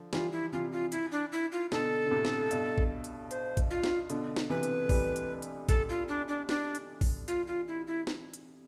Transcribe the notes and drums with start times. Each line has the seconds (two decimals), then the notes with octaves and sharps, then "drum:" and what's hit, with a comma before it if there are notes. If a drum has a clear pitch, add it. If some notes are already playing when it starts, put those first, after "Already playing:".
Already playing: D3 F3
0.13 E3 G3 F4, drum: snare
0.32 E4
0.53 C3 E3 F4
0.72 F4
0.92 E4, drum: hi-hat
1.12 D4
1.32 E4
1.52 F4
1.72 B2 D3 A4, drum: snare
2.06 D3
2.11 A2 C3
2.25 drum: snare
2.51 G2 B2, drum: hi-hat
2.78 drum: kick A1
3.04 drum: hi-hat
3.31 C5, drum: hi-hat
3.57 drum: kick A1, hi-hat
3.70 F4
3.84 drum: snare
4.10 B2 D3, drum: hi-hat
4.36 drum: snare
4.50 C3 E3 B4
4.63 drum: hi-hat
4.85 A3
4.89 E3 G3, drum: kick A1, open hi-hat
5.16 drum: hi-hat
5.42 drum: hi-hat
5.69 A4, drum: kick A1, hi-hat
5.89 F4
6.08 D4
6.28 D4
6.49 D4, drum: snare
6.75 drum: hi-hat
7.01 drum: kick A1, open hi-hat
7.28 F4, drum: hi-hat
7.47 F4
7.68 E4
7.87 E4
8.07 drum: snare
8.34 drum: hi-hat